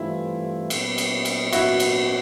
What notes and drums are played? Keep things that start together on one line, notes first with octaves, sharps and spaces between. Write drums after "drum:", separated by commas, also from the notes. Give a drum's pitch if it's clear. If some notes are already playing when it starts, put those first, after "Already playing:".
Already playing: G2 E3 A3 C4 E4 F4
A#2 F#3 B3, drum: cymbal
drum: cymbal
drum: cymbal
E4 F#4, drum: cymbal
drum: cymbal